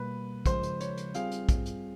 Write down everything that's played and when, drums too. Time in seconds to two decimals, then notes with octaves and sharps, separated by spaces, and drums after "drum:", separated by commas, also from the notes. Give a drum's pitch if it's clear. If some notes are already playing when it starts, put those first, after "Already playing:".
Already playing: B2 G3 A#3 B4
0.46 C#3 F3 G#3 C5, drum: kick, hi-hat
0.63 drum: hi-hat
0.81 C#5, drum: hi-hat
0.97 drum: hi-hat
1.14 G3 C4 F4 G#4 F5, drum: hi-hat
1.32 drum: hi-hat
1.49 drum: kick, hi-hat
1.66 drum: hi-hat